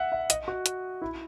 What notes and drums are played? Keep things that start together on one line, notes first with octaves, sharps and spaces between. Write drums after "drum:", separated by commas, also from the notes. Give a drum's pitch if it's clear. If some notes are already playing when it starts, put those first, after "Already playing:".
Already playing: E5 F#5
E5
D#5, drum: hi-hat
F#4
drum: hi-hat
E4